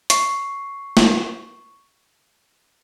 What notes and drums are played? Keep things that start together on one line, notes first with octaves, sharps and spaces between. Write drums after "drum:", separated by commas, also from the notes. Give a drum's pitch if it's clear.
C#6 C7, drum: hi-hat
drum: snare